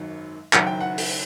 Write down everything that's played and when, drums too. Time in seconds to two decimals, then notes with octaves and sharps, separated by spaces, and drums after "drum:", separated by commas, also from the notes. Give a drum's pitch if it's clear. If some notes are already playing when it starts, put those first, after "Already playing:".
Already playing: G#1 F#2 D#3 F#3
0.53 F#1 F#2 D#3 F#3 F#5, drum: clap
0.67 G5
0.80 F#5
0.98 drum: open hi-hat